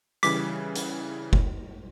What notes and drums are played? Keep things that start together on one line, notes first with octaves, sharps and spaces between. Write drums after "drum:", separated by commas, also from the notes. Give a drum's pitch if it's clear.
C#3 E3 G3 D6 B6, drum: hi-hat
drum: hi-hat
drum: kick F#1